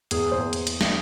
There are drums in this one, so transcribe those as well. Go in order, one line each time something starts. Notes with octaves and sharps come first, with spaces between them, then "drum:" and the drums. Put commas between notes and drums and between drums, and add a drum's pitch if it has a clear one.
E2 G#4, drum: hi-hat
E2 C5
drum: hi-hat
drum: hi-hat
drum: snare